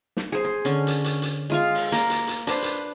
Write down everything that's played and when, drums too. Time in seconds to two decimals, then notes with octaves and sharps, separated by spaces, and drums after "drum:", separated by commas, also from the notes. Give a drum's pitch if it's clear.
0.17 drum: snare
0.32 G#4 C5
0.45 C6
0.65 D3 C#4
0.87 drum: hi-hat
1.04 drum: hi-hat
1.22 drum: hi-hat
1.50 G#3 F4 F5
1.75 drum: open hi-hat
1.92 A#3 A#4, drum: hi-hat
2.10 drum: hi-hat
2.27 drum: hi-hat
2.47 D4 B4 C5, drum: hi-hat
2.63 drum: hi-hat